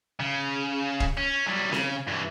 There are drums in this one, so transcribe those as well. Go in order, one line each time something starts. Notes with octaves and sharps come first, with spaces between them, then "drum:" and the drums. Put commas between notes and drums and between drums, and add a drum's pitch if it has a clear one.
C#3
drum: kick
C#4
F#3 G3
C#3, drum: snare C4
G2 E3